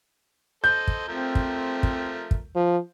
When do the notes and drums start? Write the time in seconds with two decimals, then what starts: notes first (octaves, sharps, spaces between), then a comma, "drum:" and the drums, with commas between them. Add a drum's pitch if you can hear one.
0.64 A4 C5 D#5 G6
0.88 drum: kick
1.08 F3 A3 C4 A#4
1.35 drum: kick
1.83 drum: kick
2.31 drum: kick
2.56 F3